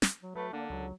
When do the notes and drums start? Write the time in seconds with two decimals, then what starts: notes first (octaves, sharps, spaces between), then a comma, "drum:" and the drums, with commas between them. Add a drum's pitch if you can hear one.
0.02 drum: snare
0.23 F#3
0.35 F#3 A3 B4
0.53 D3 A#3 D4
0.70 C#2 F#3